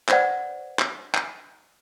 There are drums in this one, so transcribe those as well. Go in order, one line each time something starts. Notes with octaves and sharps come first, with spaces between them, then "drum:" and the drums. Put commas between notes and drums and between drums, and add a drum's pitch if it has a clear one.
B4 C5 D5 F#5, drum: clap
drum: clap
drum: clap